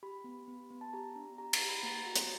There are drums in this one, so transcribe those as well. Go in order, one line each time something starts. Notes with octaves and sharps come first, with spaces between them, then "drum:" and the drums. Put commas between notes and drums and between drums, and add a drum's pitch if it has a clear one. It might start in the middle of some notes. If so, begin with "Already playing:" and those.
G4 B5
B3
B3
B3
A5
G4 A#5
D4
G4 A#5
A#5, drum: cymbal
G4
B5
A#3 A#5
F#4
drum: hi-hat